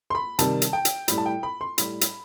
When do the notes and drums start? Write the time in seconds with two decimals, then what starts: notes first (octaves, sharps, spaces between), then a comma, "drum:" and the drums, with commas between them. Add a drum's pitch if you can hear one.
0.10 C6
0.15 B5
0.39 C3 D#3 G3 A5, drum: hi-hat
0.62 drum: hi-hat
0.73 G5
0.85 drum: hi-hat
1.08 A2 G3 B5, drum: hi-hat
1.18 A5
1.26 G5
1.43 B5
1.61 C6
1.78 A2 G3 B5, drum: hi-hat
2.01 drum: hi-hat